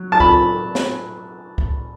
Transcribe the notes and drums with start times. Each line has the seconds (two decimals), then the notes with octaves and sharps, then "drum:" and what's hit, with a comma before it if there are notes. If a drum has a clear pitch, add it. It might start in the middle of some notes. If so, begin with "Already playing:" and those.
Already playing: F#3
0.12 A5
0.20 B5, drum: kick C2
0.75 drum: snare
1.58 drum: kick C2